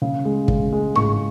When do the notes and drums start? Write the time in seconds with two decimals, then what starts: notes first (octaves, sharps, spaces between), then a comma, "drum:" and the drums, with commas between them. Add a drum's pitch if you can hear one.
0.02 C#3
0.25 G#3
0.48 C#3, drum: kick
0.73 G#3
0.95 G#3 C#6, drum: tom G#2